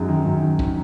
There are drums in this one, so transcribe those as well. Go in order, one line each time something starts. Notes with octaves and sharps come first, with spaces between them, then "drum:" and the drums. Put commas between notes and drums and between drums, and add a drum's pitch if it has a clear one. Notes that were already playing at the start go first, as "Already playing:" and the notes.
Already playing: F#2 G#3 D#4
D#3
F#2
D#3
D#3, drum: kick